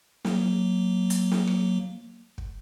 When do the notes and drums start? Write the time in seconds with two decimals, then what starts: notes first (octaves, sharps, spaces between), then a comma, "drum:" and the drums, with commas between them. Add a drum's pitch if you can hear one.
0.25 F#3 A#3, drum: snare
1.10 drum: hi-hat
1.32 drum: snare
1.47 drum: rim click
2.38 drum: kick